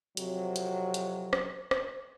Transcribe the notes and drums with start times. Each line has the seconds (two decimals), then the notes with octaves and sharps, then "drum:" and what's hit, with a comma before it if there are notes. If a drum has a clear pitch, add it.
0.17 F2 C3 F#3, drum: hi-hat
0.56 drum: hi-hat
0.94 drum: hi-hat
1.33 drum: rim click
1.71 drum: rim click